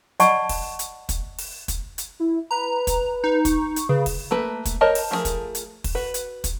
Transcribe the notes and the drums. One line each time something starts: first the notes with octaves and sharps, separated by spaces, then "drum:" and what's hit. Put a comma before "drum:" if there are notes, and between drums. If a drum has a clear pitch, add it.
D5 D#5 F#5 A5 B5 C#6, drum: hi-hat
drum: kick, open hi-hat
drum: hi-hat
drum: kick, hi-hat
drum: open hi-hat
drum: kick, hi-hat
drum: hi-hat
E4
B4 A#5
drum: kick, hi-hat
D#4
C#6, drum: kick, hi-hat
drum: hi-hat
C#3 B4
drum: kick, open hi-hat
A3 A#3 B4
drum: kick, hi-hat
A#4 C5 C#5 D#5 A5
drum: open hi-hat
F3 A3 C4 G#4 A#4
drum: kick, hi-hat
drum: hi-hat
drum: kick, open hi-hat
F#4 B4
drum: hi-hat
drum: kick, hi-hat